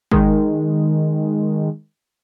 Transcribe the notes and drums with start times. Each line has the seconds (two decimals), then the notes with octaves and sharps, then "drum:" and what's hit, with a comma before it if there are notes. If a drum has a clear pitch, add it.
0.11 D#3 G#3, drum: kick